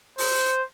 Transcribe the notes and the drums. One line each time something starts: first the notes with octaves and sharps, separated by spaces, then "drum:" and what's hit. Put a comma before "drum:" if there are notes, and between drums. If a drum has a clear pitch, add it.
C5, drum: open hi-hat